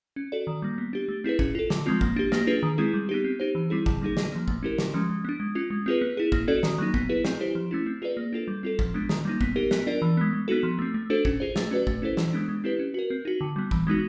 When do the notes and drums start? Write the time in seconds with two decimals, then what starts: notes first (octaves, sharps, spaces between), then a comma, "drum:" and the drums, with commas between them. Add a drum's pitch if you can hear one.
0.16 C#4
0.32 F#4 A4 D5
0.47 D#3
0.62 G3 A#3
0.78 B3
0.93 D4 G4
1.09 A3
1.24 C4 E4 G#4 B4
1.39 C#4, drum: kick
1.55 F4 A4
1.70 D3, drum: snare
1.86 F3 G#3 C4 F4
2.01 A#3, drum: kick
2.16 D4 G4
2.32 A#3, drum: snare
2.47 D4 F4 G#4 B4
2.63 D#3
2.78 G#3 C4 E4 G#4
2.94 G3
3.09 B3 D#4 G4
3.24 C4
3.40 D#4 G4 C5
3.55 E3
3.70 G3 C4 E4 G#4
3.86 D3, drum: kick
4.01 G3 A#3 D#4 G#4
4.17 D3, drum: snare
4.32 F3 A#3
4.48 A3, drum: kick
4.63 C#4 E4 G4 A#4
4.78 D3, drum: snare
4.94 F3 G#3 C#4
5.09 G#3
5.25 B3 D4
5.40 G#3
5.55 C#4 F4
5.70 G#3
5.86 C4 F4 G#4 B4
6.01 B3
6.17 E4 G#4
6.32 A#3, drum: kick
6.48 C#4 F#4 A4 D5
6.63 D#3, drum: snare
6.78 F#3 A#3 D#4
6.94 B3, drum: kick
7.09 E4 G#4 B4
7.25 C4, drum: snare
7.40 E4 G4 C5
7.55 F3
7.71 A3 C#4 E4
7.87 C4
8.02 F4 G#4 B4 D5
8.17 A#3
8.33 D4 F4 A4
8.48 G3
8.63 C4 F4 A4
8.79 F3, drum: kick
8.94 G#3 B3 D4
9.09 D#3, drum: snare
9.25 G3 A#3 D#4
9.41 B3, drum: kick
9.56 D#4 G4 A#4
9.71 B3, drum: snare
9.87 D4 F4 A#4 D5
10.02 E3
10.17 G#3 B3
10.33 G#3
10.48 B3 D#4 F#4 A4
10.63 F3
10.79 A3 C4
10.94 A3
11.10 D4 F#4 A4 C5
11.25 C#4, drum: kick
11.40 F4 G#4 C5
11.56 A3, drum: snare
11.71 C#4 F#4 B4 D5
11.87 A3, drum: kick
12.02 C#4 E4 A4 C5
12.17 E3, drum: snare
12.33 G#3 B3 D4
12.48 G#3
12.64 C4 E4 G4 B4
12.79 C#4
12.94 F#4 A#4
13.10 C4
13.25 D#4 F#4
13.41 D3
13.56 G3 B3
13.71 E3, drum: kick
13.87 G#3 B3 D#4 F#4